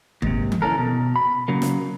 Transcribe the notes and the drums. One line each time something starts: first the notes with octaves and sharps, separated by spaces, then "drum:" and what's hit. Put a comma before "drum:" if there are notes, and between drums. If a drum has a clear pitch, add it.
D#2 G#2 C3, drum: kick
drum: tom E3
E3 F#3 C#4 A4 A#4
B2
B5
C#3 F#3 A#3
drum: snare